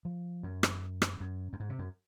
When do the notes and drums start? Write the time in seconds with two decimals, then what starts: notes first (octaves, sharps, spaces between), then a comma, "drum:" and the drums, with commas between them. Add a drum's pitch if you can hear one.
0.05 F3
0.43 F#2
0.63 drum: rim click
1.02 drum: rim click
1.20 F#2
1.53 F#2
1.60 G#2
1.69 C3
1.79 F#2